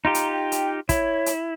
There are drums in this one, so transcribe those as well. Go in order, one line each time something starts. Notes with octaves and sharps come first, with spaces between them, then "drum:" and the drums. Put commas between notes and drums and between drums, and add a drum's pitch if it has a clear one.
D#4 F4 G4 A#5
drum: hi-hat
G5
drum: hi-hat
E4 C#5, drum: kick, hi-hat
drum: hi-hat